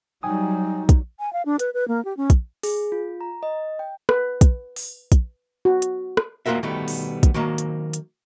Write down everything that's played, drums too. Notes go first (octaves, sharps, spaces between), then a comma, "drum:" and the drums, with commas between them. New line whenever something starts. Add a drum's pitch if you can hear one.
F#3 G3 D#4 G5 G#5 D#6
drum: kick, hi-hat
G#5
F5
D4
B4, drum: hi-hat
B4
A#3
G4
C#4
drum: kick, hi-hat
G#4, drum: open hi-hat
F4
A#5
D#5
G5
B4, drum: rim click
drum: kick, hi-hat
drum: open hi-hat
drum: kick, hi-hat
F#4
drum: hi-hat
drum: rim click
E2 A#3 F4 F#4 A#4 E5
B2 D#3 G3 A3 B3
drum: open hi-hat
drum: kick, hi-hat
D#3 F#3 A#3 A#5
drum: hi-hat
drum: hi-hat